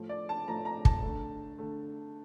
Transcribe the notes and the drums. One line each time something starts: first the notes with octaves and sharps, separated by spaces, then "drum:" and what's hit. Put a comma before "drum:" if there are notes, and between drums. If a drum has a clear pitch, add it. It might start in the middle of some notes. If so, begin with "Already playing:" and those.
Already playing: A2 F3 A3
D5
A5
A2 F3 A3 A#5
A#5
A5, drum: kick
D3 A3
D3 A3